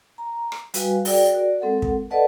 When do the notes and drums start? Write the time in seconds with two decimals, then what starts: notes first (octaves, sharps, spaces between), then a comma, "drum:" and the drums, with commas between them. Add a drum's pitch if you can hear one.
0.18 A#5
0.52 drum: rim click
0.74 G3 F#4 B4 F5 G#5, drum: hi-hat
1.05 F#4 G#4 A#4 D5 G5, drum: open hi-hat
1.35 F#4 A#4 D5
1.60 G#3 C4 A4 A#4 F#5
1.82 drum: kick
2.10 A4 B4 D5 D#5 F#5 A5